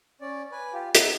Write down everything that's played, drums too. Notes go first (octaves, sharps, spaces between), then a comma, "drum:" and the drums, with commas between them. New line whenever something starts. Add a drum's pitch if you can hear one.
C#4 D5
B4 G#5
F4 G4
B3 D#4 E4 B4, drum: hi-hat